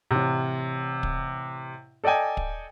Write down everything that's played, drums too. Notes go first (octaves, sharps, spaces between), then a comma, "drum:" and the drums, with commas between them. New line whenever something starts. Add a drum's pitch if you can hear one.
A1 C3
drum: kick
A4 D5 D#5 G5 G#5
drum: kick